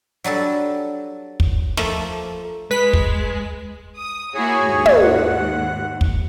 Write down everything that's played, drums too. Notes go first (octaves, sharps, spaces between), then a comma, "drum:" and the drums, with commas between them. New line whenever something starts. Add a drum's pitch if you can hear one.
F#3 G3 D4 A4
drum: kick
F3 A3 A#3, drum: snare
G#3 B4 B6
drum: kick
D#6
A#3 E4 F#4 G#4 C#5
D#2 G#2
drum: tom
F#5
drum: kick